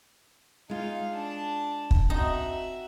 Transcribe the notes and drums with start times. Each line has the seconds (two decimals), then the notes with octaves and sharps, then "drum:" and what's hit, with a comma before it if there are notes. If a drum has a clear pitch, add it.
0.70 G#3 D#4 F4 F5
1.15 D4 A5
1.91 drum: kick
2.10 C4 D#4 F#4 E5